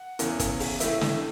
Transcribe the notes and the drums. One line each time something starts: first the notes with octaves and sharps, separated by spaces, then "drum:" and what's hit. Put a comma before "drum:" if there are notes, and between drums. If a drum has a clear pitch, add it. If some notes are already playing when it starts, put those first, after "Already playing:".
Already playing: F#5
E2 C#3 E3, drum: hi-hat
drum: kick, hi-hat
drum: open hi-hat
A2 E3 E5, drum: hi-hat
E5, drum: snare